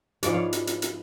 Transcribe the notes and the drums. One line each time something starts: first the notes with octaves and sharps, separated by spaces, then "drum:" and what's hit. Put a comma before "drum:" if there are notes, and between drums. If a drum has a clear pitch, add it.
G#2 F3 B3 D4 D5 F#5, drum: hi-hat
C#5 F5
drum: hi-hat
drum: hi-hat
drum: hi-hat